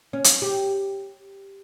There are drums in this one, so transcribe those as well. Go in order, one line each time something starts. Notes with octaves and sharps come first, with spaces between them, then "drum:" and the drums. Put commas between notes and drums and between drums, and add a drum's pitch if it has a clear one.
C#4
drum: hi-hat
G4